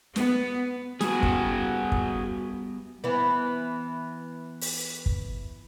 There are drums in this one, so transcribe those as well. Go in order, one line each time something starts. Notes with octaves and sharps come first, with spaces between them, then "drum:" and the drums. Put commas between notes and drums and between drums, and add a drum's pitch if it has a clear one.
B3, drum: snare
G3 B3 F#4 G#4, drum: snare
drum: kick
drum: kick
E3 B3
drum: open hi-hat
drum: kick